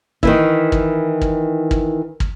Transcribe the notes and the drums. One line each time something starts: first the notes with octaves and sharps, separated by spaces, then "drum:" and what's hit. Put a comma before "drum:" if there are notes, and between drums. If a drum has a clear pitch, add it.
D#3 E3 E4, drum: kick
drum: kick
drum: kick
drum: kick
drum: kick